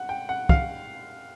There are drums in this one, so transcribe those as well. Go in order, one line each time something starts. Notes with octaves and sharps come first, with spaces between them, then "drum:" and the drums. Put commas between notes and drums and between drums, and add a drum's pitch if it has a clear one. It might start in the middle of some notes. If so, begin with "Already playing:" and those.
Already playing: F#5
G5
F#5
F5, drum: kick